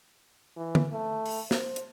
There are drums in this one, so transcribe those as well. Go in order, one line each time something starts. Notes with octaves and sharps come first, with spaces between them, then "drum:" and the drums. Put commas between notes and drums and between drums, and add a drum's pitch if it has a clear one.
E3
drum: tom
A3
drum: open hi-hat
C5, drum: snare
drum: hi-hat